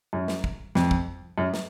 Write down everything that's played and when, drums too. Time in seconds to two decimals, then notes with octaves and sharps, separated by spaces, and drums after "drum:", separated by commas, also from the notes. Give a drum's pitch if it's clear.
0.13 F#2
0.28 drum: snare
0.44 drum: kick
0.75 F2, drum: snare
0.91 drum: kick
1.38 F#2
1.54 drum: snare